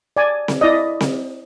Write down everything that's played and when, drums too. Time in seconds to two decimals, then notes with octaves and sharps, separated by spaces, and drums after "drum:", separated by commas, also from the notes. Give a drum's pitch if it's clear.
0.17 D5 G#5
0.48 drum: snare C4
0.61 E4 D5 D#5
1.01 drum: snare C4